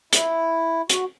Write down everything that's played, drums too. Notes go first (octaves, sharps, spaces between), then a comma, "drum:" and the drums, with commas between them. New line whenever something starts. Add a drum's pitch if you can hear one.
E4, drum: hi-hat
F#4, drum: hi-hat